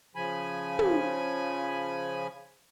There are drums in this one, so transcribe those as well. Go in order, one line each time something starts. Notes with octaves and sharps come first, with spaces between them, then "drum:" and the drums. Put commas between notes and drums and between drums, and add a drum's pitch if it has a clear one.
C#3 F3 G#5 B5
drum: tom